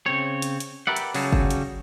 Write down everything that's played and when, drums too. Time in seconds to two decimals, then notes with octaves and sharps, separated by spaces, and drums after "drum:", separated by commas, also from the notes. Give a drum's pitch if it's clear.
0.06 C#3 C4 C#5
0.42 drum: hi-hat
0.60 drum: hi-hat
0.87 G4 A#4 B4 D5 E5 F#5
0.96 drum: hi-hat
1.14 C#3 F#3 G3 F#4 G#4 A4, drum: open hi-hat
1.32 drum: kick G1
1.51 drum: hi-hat